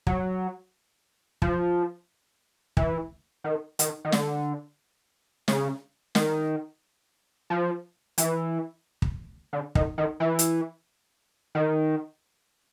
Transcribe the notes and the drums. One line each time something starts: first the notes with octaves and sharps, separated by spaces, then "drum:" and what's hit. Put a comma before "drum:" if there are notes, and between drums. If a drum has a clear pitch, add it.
F#3, drum: kick
F3, drum: kick
E3, drum: kick
D#3
D#3, drum: hi-hat
D#3
D3, drum: snare
C#3, drum: snare
D#3, drum: snare
F3
E3, drum: hi-hat
drum: kick
D3
D#3, drum: kick
D#3
E3
drum: hi-hat
D#3